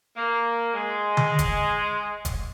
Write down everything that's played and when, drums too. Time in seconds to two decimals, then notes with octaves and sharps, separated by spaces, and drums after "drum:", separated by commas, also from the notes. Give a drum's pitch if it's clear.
0.16 A#3
0.74 G#3
1.17 drum: tom D3
1.39 drum: kick F1, hi-hat
2.25 drum: kick F1, hi-hat